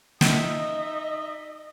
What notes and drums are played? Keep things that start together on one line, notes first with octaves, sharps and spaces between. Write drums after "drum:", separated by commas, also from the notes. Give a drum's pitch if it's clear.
D#4 D#5 E5, drum: snare